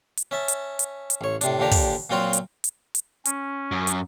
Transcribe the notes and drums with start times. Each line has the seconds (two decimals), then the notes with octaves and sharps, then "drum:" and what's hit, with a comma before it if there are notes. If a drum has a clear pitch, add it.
0.17 drum: hi-hat
0.31 C#4 E5 A5
0.48 drum: hi-hat
0.79 drum: hi-hat
1.10 drum: hi-hat
1.21 A1 C#5
1.41 A2 C3 D4, drum: hi-hat
1.59 D#2 A#2 D3 D4 G4 A#5
1.71 drum: kick, open hi-hat
2.10 A#2 F#3 C4 F4 F#4 A#5
2.33 drum: hi-hat
2.64 drum: hi-hat
2.95 drum: hi-hat
3.25 C#4, drum: hi-hat
3.72 F#2
3.87 drum: hi-hat